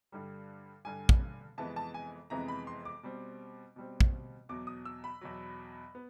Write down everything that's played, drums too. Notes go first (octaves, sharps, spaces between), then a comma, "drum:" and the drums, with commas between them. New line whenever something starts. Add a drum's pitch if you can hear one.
G2 D3 G3
G2 D3 G3 G#5
drum: kick
F2 C3 E3 G#3 B3 A5
A5
G#5
F2 C3 E3 G#3 B3 A#5
B5
C6
D6
B2 G3 C4
B2 G3 C4
drum: kick
E2 B2 F#3 D6
D#6
E6
B5
E2 B2 F#3
B3